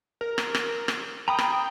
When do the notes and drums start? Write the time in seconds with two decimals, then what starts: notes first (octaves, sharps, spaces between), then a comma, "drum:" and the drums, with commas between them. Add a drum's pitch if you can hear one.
0.21 A#4
0.38 drum: rim click
0.55 drum: rim click
0.88 drum: rim click
1.28 G5 A#5 B5 D#6
1.38 drum: rim click